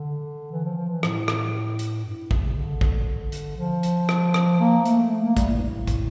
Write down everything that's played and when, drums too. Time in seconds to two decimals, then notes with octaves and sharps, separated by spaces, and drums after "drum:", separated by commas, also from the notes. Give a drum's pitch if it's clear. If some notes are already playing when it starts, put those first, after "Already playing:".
Already playing: D3
0.52 E3
0.65 F3
0.77 F3
0.89 E3
1.03 A2, drum: rim click
1.28 drum: rim click
1.79 drum: hi-hat
2.05 G2
2.18 A2
2.31 C#3, drum: kick
2.43 C#3
2.56 D3
2.81 drum: kick
3.32 drum: hi-hat
3.57 F3
3.83 drum: hi-hat
4.09 drum: rim click
4.34 drum: rim click
4.60 A#3
4.85 A3, drum: hi-hat
5.11 A3
5.24 A#3
5.37 G3, drum: kick, hi-hat
5.49 A2
5.57 G2
5.63 A2
5.87 drum: kick, hi-hat